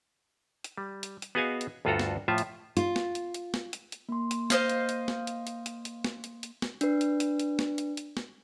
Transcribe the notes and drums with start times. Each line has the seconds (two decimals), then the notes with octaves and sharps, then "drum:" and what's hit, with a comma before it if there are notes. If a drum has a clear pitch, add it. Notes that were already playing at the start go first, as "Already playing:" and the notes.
0.64 drum: hi-hat
0.78 G3
1.03 drum: hi-hat
1.22 drum: hi-hat
1.35 B3 F#4 G#4 D#5 F5 G#5
1.61 drum: hi-hat
1.85 D2 G2 F4 F#4 A4 A#5
1.99 drum: snare
2.28 A2 F3 F4 E5
2.38 drum: hi-hat
2.77 F4, drum: hi-hat
2.96 drum: snare
3.15 drum: hi-hat
3.34 drum: hi-hat
3.54 drum: snare
3.73 drum: hi-hat
3.92 drum: hi-hat
4.09 A#3 C6
4.31 drum: hi-hat
4.50 C5 D#5 F5, drum: snare
4.69 drum: hi-hat
4.89 drum: hi-hat
5.08 drum: snare
5.27 drum: hi-hat
5.47 drum: hi-hat
5.66 drum: hi-hat
5.85 drum: hi-hat
6.04 drum: snare
6.24 drum: hi-hat
6.43 drum: hi-hat
6.62 drum: snare
6.81 D4 B4, drum: hi-hat
7.01 drum: hi-hat
7.20 drum: hi-hat
7.39 drum: hi-hat
7.59 drum: snare
7.78 drum: hi-hat
7.97 drum: hi-hat
8.17 drum: snare